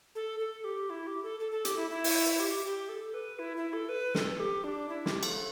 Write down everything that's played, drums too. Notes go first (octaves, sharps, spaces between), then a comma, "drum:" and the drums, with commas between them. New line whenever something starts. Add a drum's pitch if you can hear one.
A4
A4
G4
E4
G4
A4
A4
A4
G4, drum: hi-hat
E4
E4
drum: open hi-hat
G4
G4
A4
B4
E4
E4
A4
B4
A4, drum: snare
G4
D4
E4
G4, drum: snare
A4, drum: cymbal